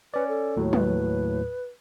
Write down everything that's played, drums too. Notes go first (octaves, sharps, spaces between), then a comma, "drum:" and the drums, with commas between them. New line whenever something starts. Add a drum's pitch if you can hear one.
C#4 B4 D5
A4
D#2 A2 F#3
B4, drum: tom